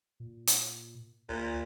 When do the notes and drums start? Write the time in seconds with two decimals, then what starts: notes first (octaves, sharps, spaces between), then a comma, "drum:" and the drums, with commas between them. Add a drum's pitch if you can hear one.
0.20 A#2
0.47 drum: hi-hat
1.29 D2 A#2